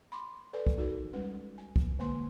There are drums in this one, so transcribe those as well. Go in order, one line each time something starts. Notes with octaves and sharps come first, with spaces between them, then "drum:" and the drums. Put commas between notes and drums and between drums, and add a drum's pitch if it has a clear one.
B5 C6 D6
A4 B4 D5 G#5
drum: kick
D#4 F#4 A4 A#4
G3 G#3 C#4 B4
G#5
drum: kick
D3 G#3 A#3 B4 G#5 C6